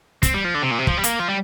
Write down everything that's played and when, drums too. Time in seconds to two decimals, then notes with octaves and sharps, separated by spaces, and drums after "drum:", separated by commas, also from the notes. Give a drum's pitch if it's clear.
0.23 C4, drum: kick, hi-hat
0.34 G3
0.45 F3
0.55 D3
0.62 C3
0.71 A#2
0.79 C3
0.87 F3, drum: kick
0.98 G3
1.04 A#3, drum: hi-hat
1.19 F3
1.28 G3